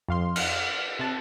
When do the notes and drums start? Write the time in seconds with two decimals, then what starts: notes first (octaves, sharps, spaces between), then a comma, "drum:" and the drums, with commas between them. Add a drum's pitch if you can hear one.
0.09 F2 F5 C6
0.36 F5 F#5 F6, drum: cymbal
0.99 C3 A5 F#6